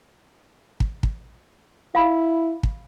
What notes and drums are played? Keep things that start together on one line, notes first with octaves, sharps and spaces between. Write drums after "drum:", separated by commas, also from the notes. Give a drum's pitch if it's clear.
drum: kick
drum: kick
E4 F5 B5
drum: kick